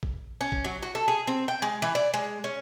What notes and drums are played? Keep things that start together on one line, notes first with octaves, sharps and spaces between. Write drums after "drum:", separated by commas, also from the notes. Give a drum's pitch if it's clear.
drum: kick
C#4
drum: kick
F#3
F#4
A4
G#4
C4
G5
G#3
E3
D5
G#3
C#4